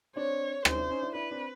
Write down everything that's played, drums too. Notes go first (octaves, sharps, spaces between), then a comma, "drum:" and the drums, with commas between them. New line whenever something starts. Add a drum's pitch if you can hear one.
C4 D4 C#5
C#4 D#4 C5, drum: rim click
D4 E4
C#4 D#4
D4 E4
D4 E4 B4
C4 D4